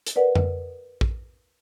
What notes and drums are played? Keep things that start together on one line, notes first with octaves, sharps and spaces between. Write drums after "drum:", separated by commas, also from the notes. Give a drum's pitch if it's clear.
drum: hi-hat
A#4 B4 D5 F#5
drum: tom F2
drum: kick